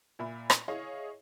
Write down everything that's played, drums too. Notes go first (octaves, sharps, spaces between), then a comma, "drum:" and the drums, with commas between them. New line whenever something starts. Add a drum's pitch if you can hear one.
A#2 E5 B5
drum: rim click
E4 G#4 C#5 D#5 F5